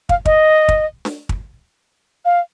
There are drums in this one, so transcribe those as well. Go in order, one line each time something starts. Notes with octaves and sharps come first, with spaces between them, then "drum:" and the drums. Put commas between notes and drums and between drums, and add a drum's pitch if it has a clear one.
F5, drum: kick
D#5, drum: kick
drum: kick
drum: snare D4
drum: kick
F5